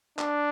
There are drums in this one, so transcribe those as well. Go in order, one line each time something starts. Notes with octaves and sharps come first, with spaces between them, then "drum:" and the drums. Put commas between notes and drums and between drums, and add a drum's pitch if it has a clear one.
D4, drum: clap